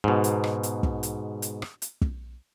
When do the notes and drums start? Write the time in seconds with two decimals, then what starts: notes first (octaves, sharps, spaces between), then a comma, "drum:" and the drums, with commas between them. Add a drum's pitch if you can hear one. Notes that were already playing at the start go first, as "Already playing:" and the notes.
0.04 G#2 B2
0.24 drum: hi-hat
0.44 drum: rim click
0.63 drum: hi-hat
0.83 drum: kick
1.03 drum: hi-hat
1.42 drum: hi-hat
1.62 drum: rim click
1.82 drum: hi-hat
2.01 drum: kick